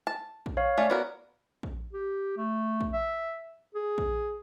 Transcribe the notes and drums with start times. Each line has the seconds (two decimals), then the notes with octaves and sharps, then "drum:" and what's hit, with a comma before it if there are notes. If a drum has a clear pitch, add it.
0.07 A5
0.46 drum: kick A#1
0.57 C#5 F5
0.78 A3 C#4 D5
0.90 B3 F#4 A#4
1.63 drum: kick A#1
1.93 G4
2.37 A3
2.81 drum: kick A#1
2.93 E5
3.75 G#4
3.98 drum: kick A#1